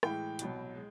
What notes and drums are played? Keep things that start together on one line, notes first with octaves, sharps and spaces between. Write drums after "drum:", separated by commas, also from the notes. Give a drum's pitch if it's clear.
A2 E3 G#3 G5, drum: rim click
C2 B2 F#3, drum: hi-hat
G#3